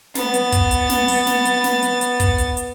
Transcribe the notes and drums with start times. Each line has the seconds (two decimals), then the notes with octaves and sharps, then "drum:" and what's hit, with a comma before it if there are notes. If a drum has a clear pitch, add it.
0.15 B3 A6, drum: snare
0.34 drum: hi-hat
0.52 drum: kick, hi-hat
0.71 drum: hi-hat
0.89 drum: snare
1.08 drum: open hi-hat
1.27 drum: snare
1.45 drum: hi-hat
1.64 drum: snare
1.82 drum: hi-hat
2.01 drum: hi-hat
2.20 drum: kick, hi-hat
2.38 drum: hi-hat
2.57 drum: hi-hat